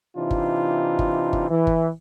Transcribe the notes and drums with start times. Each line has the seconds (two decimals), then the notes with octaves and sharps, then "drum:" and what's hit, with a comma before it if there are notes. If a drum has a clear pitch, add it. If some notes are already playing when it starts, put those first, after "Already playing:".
0.17 C3 E3 D4 D#4 F4
0.31 drum: kick G1
0.99 drum: kick G1
1.33 drum: kick G1
1.50 E3
1.67 drum: kick G1